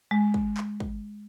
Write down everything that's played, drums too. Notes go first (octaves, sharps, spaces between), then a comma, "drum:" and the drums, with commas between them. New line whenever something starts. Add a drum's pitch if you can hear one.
G#3
drum: kick
drum: clap
drum: kick